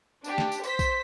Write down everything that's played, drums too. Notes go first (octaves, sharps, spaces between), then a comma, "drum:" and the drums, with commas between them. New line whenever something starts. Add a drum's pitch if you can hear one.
D4 G4, drum: tambourine
drum: snare
drum: tambourine
C5 B6, drum: tambourine
drum: kick B1, tambourine